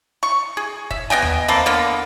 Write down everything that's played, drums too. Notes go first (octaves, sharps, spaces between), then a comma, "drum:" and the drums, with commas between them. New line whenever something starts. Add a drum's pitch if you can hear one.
C#6
G#4
E5, drum: kick
B3 D#5 G5 G#5
drum: tom D#2
A#3 C4 A4 B4
D3 A#3 B3